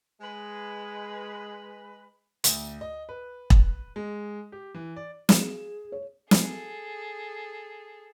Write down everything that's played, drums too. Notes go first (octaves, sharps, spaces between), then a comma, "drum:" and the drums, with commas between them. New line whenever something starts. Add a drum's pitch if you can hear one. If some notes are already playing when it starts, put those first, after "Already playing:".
G#3 B4
D2, drum: hi-hat
D#5
B4
drum: kick E1
G#3
G4
E3
D5
G#4 E7, drum: snare
C#5
G#4 A4, drum: snare